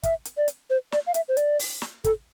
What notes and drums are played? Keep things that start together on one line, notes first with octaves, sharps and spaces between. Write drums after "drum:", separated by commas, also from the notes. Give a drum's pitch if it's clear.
E5, drum: kick, hi-hat
drum: hi-hat
D5
drum: hi-hat
C5
D5, drum: snare
F5
E5, drum: hi-hat
C5
D5, drum: hi-hat
drum: open hi-hat
drum: snare
A4, drum: kick, hi-hat